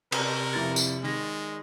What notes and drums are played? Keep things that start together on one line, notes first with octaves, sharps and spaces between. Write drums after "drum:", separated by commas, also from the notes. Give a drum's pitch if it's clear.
C3 A#4, drum: cymbal
F2 E4 A6
drum: tambourine
D#3 G#3 A#6